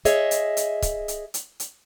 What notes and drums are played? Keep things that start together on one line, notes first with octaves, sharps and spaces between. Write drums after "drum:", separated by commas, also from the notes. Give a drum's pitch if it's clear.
G#4 C#5 D#5 E5, drum: hi-hat
drum: hi-hat
drum: hi-hat
drum: kick, hi-hat
drum: hi-hat
drum: hi-hat
drum: hi-hat